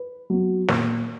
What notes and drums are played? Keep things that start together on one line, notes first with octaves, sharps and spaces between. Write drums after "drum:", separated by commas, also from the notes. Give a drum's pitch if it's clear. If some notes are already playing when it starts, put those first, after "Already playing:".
Already playing: B4
F#3 B3
A#2, drum: snare